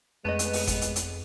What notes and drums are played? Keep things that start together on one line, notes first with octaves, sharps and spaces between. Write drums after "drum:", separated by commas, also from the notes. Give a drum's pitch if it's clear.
F2 G#3 A3 B3 B4 D#5
drum: hi-hat
drum: open hi-hat
drum: kick G1, hi-hat
drum: hi-hat
drum: hi-hat